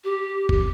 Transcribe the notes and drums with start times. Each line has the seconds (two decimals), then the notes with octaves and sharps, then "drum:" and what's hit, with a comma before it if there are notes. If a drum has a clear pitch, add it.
0.04 G4
0.49 drum: kick